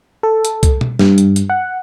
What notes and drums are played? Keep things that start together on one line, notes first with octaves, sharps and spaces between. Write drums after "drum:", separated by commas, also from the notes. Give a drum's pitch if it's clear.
A4
drum: hi-hat
drum: kick C2, hi-hat
drum: tom B2
G2, drum: snare
drum: hi-hat
drum: hi-hat
F#5